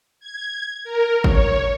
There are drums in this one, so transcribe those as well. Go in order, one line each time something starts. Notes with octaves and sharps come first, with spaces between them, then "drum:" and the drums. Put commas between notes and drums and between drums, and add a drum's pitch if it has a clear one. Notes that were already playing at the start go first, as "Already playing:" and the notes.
G#6
A#4
C#5, drum: kick G#1